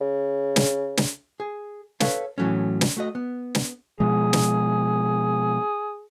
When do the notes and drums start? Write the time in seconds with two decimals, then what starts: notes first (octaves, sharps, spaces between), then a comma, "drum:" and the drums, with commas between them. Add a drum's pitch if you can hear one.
0.01 C#3
0.56 drum: snare
0.97 drum: snare
1.40 G#4
2.00 A4 B4 C#5 F5, drum: snare
2.38 A2 E3 F#3 A3 C#4
2.81 drum: snare
2.97 A3 F#4 D#5
3.15 B3
3.55 drum: snare
4.00 B2 F3 G#3 G#4
4.33 drum: snare